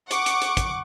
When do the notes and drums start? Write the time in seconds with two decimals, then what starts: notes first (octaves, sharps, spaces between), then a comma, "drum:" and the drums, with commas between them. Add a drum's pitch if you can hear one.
0.11 F#5 C#6 D6, drum: hi-hat
0.26 drum: hi-hat
0.42 drum: hi-hat
0.57 drum: kick, hi-hat